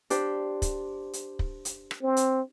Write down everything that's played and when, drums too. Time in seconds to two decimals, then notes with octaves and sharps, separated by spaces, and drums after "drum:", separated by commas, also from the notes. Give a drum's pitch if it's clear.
0.10 D4 G4 C5, drum: hi-hat
0.62 drum: kick, hi-hat
1.13 drum: hi-hat
1.39 drum: kick
1.65 drum: hi-hat
1.91 drum: rim click
2.02 C4
2.17 drum: hi-hat